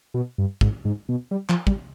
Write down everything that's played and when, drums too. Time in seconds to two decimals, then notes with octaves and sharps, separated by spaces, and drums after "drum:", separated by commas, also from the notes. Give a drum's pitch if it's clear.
0.14 B2
0.38 G2
0.61 G#2, drum: kick
0.85 G#2
1.09 B2
1.31 G3
1.49 F3, drum: clap
1.67 G3, drum: kick